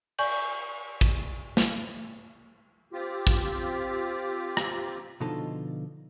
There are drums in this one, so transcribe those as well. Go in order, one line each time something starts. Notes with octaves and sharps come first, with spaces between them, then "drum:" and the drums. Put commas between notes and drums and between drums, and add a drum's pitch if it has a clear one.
D5 G#5 C#6 G6 F#7, drum: cymbal
drum: kick
drum: snare
C4 F4 G4
drum: kick
drum: rim click
B2 D3 F3 D#4 F4 A4